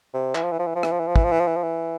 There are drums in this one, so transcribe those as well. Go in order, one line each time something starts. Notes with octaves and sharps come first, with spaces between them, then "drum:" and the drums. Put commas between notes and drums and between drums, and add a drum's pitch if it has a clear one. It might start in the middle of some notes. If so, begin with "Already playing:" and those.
C3
E3, drum: clap
F3
E3
F3
E3
F3
E3, drum: rim click
F3
E3
F3
E3, drum: kick
F3
E3
F3
E3
F3
E3